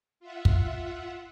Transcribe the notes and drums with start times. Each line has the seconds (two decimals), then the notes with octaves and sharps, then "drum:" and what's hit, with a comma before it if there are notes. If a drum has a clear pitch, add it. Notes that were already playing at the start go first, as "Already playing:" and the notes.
0.20 F4 E5 F#5
0.45 drum: kick